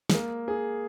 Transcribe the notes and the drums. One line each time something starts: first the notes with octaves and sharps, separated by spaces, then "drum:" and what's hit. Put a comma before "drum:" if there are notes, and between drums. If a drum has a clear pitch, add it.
G#3, drum: snare
A#3
G#4